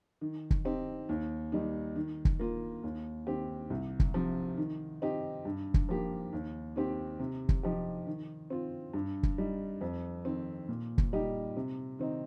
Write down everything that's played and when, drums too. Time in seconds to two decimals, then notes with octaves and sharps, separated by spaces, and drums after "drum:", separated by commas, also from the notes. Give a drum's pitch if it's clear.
0.21 D#3
0.50 drum: kick
0.65 C4 D#4 G4
1.09 D#2
1.52 D#3 G3 D#4
1.96 D#3
2.25 drum: kick
2.39 A#3 F4
2.83 D#2
3.27 D#3 C4 G4
3.70 C2
4.00 drum: kick
4.14 C3 F3
4.57 D#3
5.02 C4 D#4 G4
5.45 G2
5.74 drum: kick
5.89 F3 A#3 G4
6.33 D#2
6.76 D#3 C4 G4
7.20 C3
7.49 drum: kick
7.63 F3 D#4 G4
8.07 D#3
8.50 C4 F4
8.94 G2
9.23 drum: kick
9.38 G3 D#4
9.81 F2
10.25 D#3 C4
10.69 A#2
10.98 drum: kick
11.13 G3 D#4 G4
11.57 C3
11.99 D#3 C4 D#4